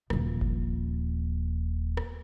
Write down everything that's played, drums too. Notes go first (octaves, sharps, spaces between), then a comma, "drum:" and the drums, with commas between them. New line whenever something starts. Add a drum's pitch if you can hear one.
D#1 F3, drum: rim click
drum: kick G1
drum: rim click